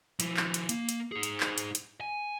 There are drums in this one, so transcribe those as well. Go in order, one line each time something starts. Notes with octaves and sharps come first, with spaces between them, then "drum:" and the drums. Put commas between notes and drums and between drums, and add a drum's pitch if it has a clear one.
F3 E4, drum: hi-hat
drum: clap
drum: hi-hat
A#3, drum: hi-hat
drum: hi-hat
D#4 G#4
drum: hi-hat
drum: clap
drum: hi-hat
drum: hi-hat
G#5